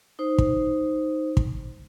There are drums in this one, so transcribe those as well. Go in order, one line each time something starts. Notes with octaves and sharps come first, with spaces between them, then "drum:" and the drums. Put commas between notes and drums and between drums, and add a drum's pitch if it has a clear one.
D#4 C5
drum: kick
drum: kick